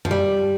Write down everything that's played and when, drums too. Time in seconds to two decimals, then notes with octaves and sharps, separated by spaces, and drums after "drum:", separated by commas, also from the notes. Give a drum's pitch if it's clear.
0.05 F3, drum: tom F#2
0.11 G3